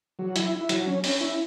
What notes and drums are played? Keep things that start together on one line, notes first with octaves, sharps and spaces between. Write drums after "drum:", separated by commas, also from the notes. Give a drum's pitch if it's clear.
F#3
E4, drum: hi-hat
E4
F#3, drum: hi-hat
C#4
C#4, drum: open hi-hat
E4